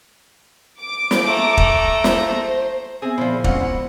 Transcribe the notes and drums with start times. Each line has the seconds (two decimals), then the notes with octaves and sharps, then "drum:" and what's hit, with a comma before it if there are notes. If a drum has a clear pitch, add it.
0.80 D6
1.11 drum: snare
1.26 A3 A#5
1.57 drum: kick
2.04 drum: snare
2.21 C5
3.02 B3 C4 G#4 E5
3.18 A#2 F3 E4 C5
3.44 G#3 C4 C#4 F4 F#5, drum: kick
3.60 E4